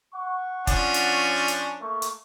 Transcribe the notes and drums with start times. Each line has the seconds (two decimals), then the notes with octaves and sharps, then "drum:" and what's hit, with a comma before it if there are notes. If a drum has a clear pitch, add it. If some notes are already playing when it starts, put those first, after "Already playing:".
0.14 F#5 C#6
0.67 F3 C#4 D4, drum: kick F#1, hi-hat
0.94 drum: hi-hat
1.48 drum: hi-hat
1.81 A3 A#3 C#6
2.02 drum: hi-hat